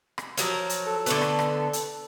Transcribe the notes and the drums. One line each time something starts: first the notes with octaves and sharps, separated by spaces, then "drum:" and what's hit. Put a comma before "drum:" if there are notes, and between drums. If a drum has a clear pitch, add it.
drum: rim click
F3 F#3 A#4, drum: hi-hat
drum: hi-hat
A4
D3 A3 B3, drum: hi-hat
drum: rim click
drum: rim click
drum: hi-hat